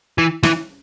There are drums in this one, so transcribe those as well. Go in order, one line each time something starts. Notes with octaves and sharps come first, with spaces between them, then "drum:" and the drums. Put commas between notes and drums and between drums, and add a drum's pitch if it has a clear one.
E3
E3, drum: snare